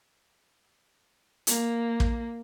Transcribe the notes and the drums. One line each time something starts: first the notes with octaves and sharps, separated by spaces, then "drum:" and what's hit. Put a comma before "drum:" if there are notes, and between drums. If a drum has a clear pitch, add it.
A#3, drum: hi-hat
drum: kick